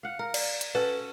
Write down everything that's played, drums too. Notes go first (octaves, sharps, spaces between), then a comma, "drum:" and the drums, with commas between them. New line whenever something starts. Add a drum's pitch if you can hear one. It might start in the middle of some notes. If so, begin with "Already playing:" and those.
F5 F#5
A#4 F5
D5, drum: cymbal
drum: hi-hat
C#4 F#4 A4 B4